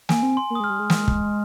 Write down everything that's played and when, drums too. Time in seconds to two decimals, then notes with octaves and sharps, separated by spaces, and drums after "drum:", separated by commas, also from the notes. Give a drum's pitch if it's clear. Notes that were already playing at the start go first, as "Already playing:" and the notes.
0.09 A#3 G#5, drum: snare
0.23 C4
0.37 C6
0.50 A#3
0.55 D#6
0.60 G#3 F6
0.70 G3
0.80 G#3
0.90 drum: snare
1.08 drum: kick